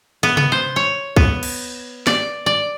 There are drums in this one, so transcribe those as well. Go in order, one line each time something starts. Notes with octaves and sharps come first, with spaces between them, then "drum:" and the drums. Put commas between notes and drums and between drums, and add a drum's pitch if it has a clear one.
B3
B3, drum: tom C3
C5
C#5
B3, drum: kick
drum: cymbal
D5, drum: snare
D5